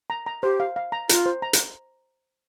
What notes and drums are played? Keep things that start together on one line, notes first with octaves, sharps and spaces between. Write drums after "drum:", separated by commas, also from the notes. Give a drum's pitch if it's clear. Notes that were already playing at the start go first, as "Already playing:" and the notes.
A#5
A#5
G4 C5
F5
F5
A#5
F4 A#5, drum: hi-hat
C5
A#5
drum: hi-hat